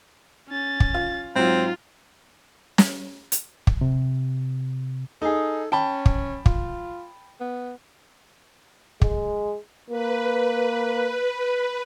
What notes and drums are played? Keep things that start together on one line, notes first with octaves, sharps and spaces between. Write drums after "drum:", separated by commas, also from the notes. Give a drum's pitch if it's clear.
C#4 A6
drum: kick
F4
G#2 F#3 C4 D#4 F4
drum: snare
drum: hi-hat
drum: kick
C3
D#4 G#4 A4
C#4 G5 A5 B5
drum: kick
F4, drum: kick
B3
G#3, drum: kick
A#3 B4